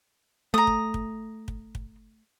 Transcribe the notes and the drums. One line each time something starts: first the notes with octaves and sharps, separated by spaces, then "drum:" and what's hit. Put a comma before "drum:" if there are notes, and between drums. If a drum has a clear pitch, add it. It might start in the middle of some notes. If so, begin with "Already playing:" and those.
A3 A#5 D#6
drum: kick
drum: kick
drum: kick
drum: kick